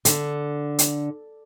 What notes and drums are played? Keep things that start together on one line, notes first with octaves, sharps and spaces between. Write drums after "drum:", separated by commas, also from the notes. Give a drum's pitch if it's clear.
D3, drum: hi-hat
drum: hi-hat